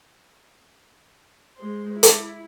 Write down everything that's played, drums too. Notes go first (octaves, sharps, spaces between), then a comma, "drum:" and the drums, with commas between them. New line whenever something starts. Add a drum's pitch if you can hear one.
G#3 C5
E4
drum: hi-hat